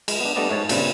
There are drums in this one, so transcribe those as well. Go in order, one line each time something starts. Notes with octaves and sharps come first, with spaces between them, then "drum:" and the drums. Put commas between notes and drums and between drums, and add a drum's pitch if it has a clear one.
G#3, drum: cymbal
B3 D4
G3 A3 B3 D4 D5 D#5
G#2 C#5 A5
G2 A#2 C#3 G3 C4, drum: cymbal